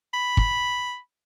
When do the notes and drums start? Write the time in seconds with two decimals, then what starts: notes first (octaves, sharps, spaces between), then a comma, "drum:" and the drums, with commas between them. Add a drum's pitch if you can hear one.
0.14 B5
0.37 drum: kick